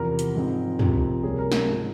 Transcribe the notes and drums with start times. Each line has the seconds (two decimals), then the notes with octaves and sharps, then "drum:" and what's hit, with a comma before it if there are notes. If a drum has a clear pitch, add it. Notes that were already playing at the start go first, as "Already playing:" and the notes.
Already playing: E2 C3 F3 A#4
0.19 drum: hi-hat
0.35 G#2 F3 G#3 C4
0.79 C3 F3 G#3 C4, drum: tom
1.23 C#2 C3 G3 A#3 C#4 G#4
1.39 A#4
1.52 drum: snare
1.68 G#2 F3 G#3